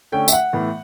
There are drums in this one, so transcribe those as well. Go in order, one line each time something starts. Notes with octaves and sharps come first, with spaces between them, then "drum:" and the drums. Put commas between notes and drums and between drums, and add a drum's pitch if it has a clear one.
D3 A3 C#4 G5
E5, drum: tambourine
F#5
A2 E3 B3